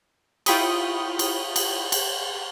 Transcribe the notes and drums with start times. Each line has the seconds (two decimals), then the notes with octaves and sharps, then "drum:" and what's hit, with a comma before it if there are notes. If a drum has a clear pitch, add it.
0.46 E4 F4 G5 B5 C#6 D#6, drum: cymbal
1.19 drum: cymbal
1.56 drum: cymbal
1.92 drum: cymbal